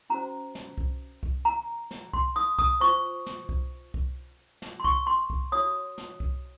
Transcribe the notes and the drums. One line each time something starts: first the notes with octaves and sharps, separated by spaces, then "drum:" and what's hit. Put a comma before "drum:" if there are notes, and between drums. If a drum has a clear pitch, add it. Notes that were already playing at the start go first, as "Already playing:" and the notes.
C#4 F#4 C5 A#5
drum: snare
drum: kick C2
drum: kick C2
A#5
drum: snare
C6, drum: kick C2
D#6
D#6, drum: kick C2
F4 C5 C#6
drum: snare
drum: kick C2
drum: kick C2
drum: snare
C6
C#6, drum: kick C2
C6
drum: kick C2
F#4 C#5 D#6
drum: snare
drum: kick C2